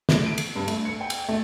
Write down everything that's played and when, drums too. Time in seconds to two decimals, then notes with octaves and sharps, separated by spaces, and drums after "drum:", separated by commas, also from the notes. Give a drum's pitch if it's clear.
0.09 A3, drum: snare
0.26 D7
0.38 drum: cymbal
0.56 G2
0.68 A3, drum: cymbal
0.85 C#7
1.01 G5
1.10 drum: cymbal
1.29 A3